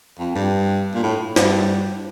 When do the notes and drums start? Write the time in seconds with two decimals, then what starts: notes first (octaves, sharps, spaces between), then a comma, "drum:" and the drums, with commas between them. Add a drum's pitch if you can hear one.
0.19 F2
0.35 G2
0.94 A#2
1.03 A2
1.36 G2, drum: snare